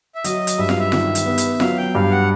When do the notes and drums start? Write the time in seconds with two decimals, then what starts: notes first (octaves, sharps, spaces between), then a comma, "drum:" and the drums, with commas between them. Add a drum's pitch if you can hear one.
0.15 E5
0.24 F#3 D#5, drum: hi-hat
0.47 drum: hi-hat
0.58 G2 E5
0.69 F5, drum: snare F4
0.79 E5
0.92 D#3, drum: snare F4
1.15 drum: hi-hat
1.26 B3
1.38 drum: hi-hat
1.60 F#3 F5, drum: snare F4
1.77 G5
1.95 G2 F5
2.11 F#5